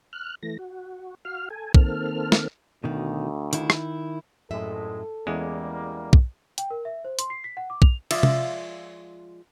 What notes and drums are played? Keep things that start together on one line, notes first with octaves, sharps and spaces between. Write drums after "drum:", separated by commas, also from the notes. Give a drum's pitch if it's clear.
F6 F#6
E3 A3 A#6
F#4
F#4 F5 F6
A4 G#5
D#3 A#3 C4 A4 F6, drum: kick
drum: snare
D2 B2 D#3
D#3 E4, drum: hi-hat
drum: rim click
A#1 F#2 A2 G#3 A4 E5
E2 G3 G#3 A#3 C#4
drum: kick
G5, drum: hi-hat
A#4
E5
C5
C6, drum: hi-hat
C7
B6
F#5
D6
F7, drum: kick
F3 G#3 F4 D5 E5, drum: cymbal
drum: tom C3